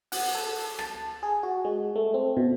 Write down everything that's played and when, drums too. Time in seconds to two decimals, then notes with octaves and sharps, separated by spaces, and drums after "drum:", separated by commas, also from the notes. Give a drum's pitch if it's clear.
0.12 F#5, drum: open hi-hat
0.35 A4
0.79 A5, drum: rim click
1.23 G#4
1.43 F#4
1.65 G#3
1.96 A3
2.14 C4
2.37 B2